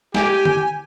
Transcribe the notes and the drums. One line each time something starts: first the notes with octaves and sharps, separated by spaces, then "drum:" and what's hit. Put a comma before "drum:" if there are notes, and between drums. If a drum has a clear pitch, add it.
G4 G#5, drum: snare
drum: tom D3